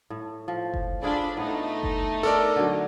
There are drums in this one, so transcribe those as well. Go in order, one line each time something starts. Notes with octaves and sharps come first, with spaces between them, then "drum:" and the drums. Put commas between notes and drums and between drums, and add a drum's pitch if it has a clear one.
A2
F3
drum: kick F#1
D4 F4 G#4 A4 D5 B5
A2 A3 B3 D#4
drum: kick F#1
D4 A4 A#4 D5
D3 F#3